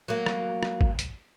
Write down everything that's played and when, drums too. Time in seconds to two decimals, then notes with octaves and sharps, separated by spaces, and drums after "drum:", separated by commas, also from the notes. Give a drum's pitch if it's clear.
0.08 F#3 A#3
0.26 drum: rim click
0.63 drum: rim click
0.81 drum: kick
0.99 drum: hi-hat